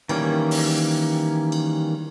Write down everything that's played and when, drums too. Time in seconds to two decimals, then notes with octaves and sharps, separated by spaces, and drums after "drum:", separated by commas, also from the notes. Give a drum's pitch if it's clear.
0.09 D#3 E3 G3 A#3 C#4, drum: cymbal
0.51 drum: open hi-hat
1.52 drum: cymbal